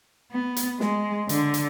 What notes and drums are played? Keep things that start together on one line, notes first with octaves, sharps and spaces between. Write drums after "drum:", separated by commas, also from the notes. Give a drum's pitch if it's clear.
B3
drum: hi-hat
G#3, drum: snare
D3, drum: hi-hat
drum: hi-hat